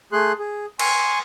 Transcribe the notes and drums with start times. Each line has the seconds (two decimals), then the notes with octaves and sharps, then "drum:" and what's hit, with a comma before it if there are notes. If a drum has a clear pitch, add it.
0.12 A3 G#4 C6 F#6
0.39 G#4
0.79 G#5 C6 C#6, drum: cymbal